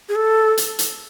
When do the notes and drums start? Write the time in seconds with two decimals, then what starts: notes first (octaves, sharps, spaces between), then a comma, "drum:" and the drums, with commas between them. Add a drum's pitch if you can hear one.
0.09 G#4
0.16 A4
0.58 drum: hi-hat
0.79 drum: hi-hat